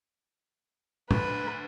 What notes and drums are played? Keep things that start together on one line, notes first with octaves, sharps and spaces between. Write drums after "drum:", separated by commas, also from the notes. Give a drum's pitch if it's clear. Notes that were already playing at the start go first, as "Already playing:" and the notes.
D2 B4, drum: tom